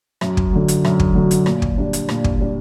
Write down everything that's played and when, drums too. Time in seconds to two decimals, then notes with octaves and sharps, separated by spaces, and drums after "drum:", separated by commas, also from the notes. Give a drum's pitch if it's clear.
0.21 F#2, drum: rim click
0.37 drum: kick
0.53 D3 F#3
0.68 drum: hi-hat
0.85 F#2, drum: rim click
1.00 drum: kick
1.15 D3 F#3
1.31 drum: hi-hat
1.46 A#2, drum: rim click
1.62 drum: kick
1.78 G3 D4
1.93 drum: hi-hat
2.09 A#2, drum: rim click
2.24 drum: kick
2.40 G3 D4